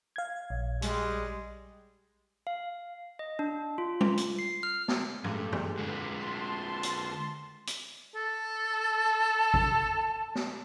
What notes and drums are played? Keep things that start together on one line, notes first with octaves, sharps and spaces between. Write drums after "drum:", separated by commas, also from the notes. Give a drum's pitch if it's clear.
F5 G#6
A#1
G3 G#3, drum: hi-hat
F5
D#5
D4
F4
drum: tom G3
drum: hi-hat
C7
F6
drum: snare
G2 G#3 A3 G4, drum: tom A2
drum: tom
D3 G#3 B4
A5 C6
drum: hi-hat
drum: hi-hat
A4
A5
drum: kick
drum: snare